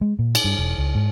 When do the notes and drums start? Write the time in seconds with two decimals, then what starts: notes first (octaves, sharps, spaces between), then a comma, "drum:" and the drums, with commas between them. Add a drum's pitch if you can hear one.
0.01 G#3
0.19 A#2
0.35 drum: cymbal
0.44 G2
0.59 E1
0.78 C#2
0.95 G#2